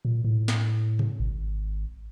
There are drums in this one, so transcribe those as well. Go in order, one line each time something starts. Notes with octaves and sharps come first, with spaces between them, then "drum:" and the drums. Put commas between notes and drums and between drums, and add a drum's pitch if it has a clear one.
A#2
A2
drum: snare
drum: tom B2
G#1